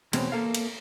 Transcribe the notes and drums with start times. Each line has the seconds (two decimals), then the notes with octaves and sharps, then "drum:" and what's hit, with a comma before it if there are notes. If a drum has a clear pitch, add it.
0.13 E2 B2 G#3 C4 C#4, drum: cymbal
0.32 A#3 A4 F5
0.54 drum: cymbal